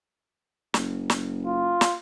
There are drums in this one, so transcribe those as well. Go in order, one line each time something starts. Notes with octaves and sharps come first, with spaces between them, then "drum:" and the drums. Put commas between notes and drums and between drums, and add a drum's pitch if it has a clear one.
F#1, drum: snare
drum: snare
F4
drum: snare